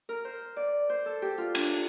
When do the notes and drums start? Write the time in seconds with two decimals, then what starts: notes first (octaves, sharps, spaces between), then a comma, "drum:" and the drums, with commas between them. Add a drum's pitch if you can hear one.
0.09 A#4
0.25 C5
0.57 D5
0.89 C5
1.06 A4
1.22 G4
1.38 F4
1.55 D4, drum: cymbal